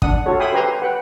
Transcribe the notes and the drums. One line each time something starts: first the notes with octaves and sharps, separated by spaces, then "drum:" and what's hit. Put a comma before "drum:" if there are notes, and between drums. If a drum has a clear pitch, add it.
D4 F#5 D#6, drum: kick
F4 F#4 A4 C#5
E5 G5 G#5 B5 C6 D#6
G4 B4 C5 G#5 A#5 C6
B4 F#5 G5